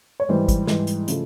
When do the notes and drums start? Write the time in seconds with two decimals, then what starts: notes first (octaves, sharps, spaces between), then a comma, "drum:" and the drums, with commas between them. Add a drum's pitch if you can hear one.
0.20 C#5
0.29 G#2 E3 G3 C5
0.48 drum: kick, hi-hat
0.67 G#2 E3 G3, drum: snare
0.87 drum: hi-hat
1.08 C#3 F3 A3, drum: hi-hat